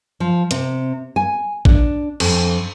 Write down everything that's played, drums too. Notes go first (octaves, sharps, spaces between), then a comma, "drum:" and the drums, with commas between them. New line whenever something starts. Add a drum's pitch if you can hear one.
F3
C3, drum: hi-hat
G#5
D4, drum: kick A1
F2, drum: cymbal